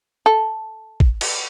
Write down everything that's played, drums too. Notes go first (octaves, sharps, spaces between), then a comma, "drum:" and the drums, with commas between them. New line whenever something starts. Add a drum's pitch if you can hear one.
A4
drum: kick
drum: cymbal